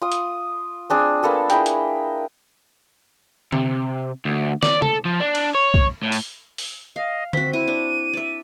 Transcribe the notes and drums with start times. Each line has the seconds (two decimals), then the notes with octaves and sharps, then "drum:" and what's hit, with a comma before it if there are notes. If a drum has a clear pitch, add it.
0.02 F4 D#6
0.12 drum: hi-hat
0.90 C4 D4 G#4
1.23 A#3 B3 A4 A5
1.50 E4 G#4 A#4 G5, drum: hi-hat
1.66 drum: hi-hat
3.52 C3, drum: tom D3
4.25 D2
4.63 D5, drum: snare
4.82 A4, drum: tom
5.05 F3
5.20 D4
5.35 drum: cymbal
5.55 C#5
5.74 drum: kick
6.03 A2
6.12 drum: open hi-hat
6.58 drum: open hi-hat
6.96 D#5 F5
7.33 C4 F#4 B6, drum: tom D3
7.53 E4 D#7
7.68 D4
8.13 D5 E5